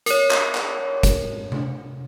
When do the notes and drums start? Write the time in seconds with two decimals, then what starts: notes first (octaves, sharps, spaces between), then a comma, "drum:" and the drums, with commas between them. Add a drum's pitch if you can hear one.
0.06 A#4 C#5, drum: hi-hat
0.31 drum: clap
0.55 drum: clap
1.03 drum: kick, hi-hat
1.52 drum: tom C3